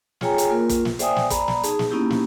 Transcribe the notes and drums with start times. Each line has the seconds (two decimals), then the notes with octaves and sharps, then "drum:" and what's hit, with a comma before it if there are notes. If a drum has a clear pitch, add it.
0.21 F4 G#4 C#5 G5 G#5 A#5, drum: snare
0.38 drum: hi-hat
0.51 A#3 F4 A#4
0.69 drum: kick, hi-hat
0.85 drum: snare
0.99 C5 D5 E5 G5 G#5 D#6, drum: hi-hat
1.16 drum: snare
1.30 D5 A#5 B5, drum: kick, hi-hat
1.48 drum: snare
1.63 D#4 G#4 A5, drum: hi-hat
1.79 drum: snare
1.90 A#3 B3 C#4 D#4 E4 G4
2.10 drum: snare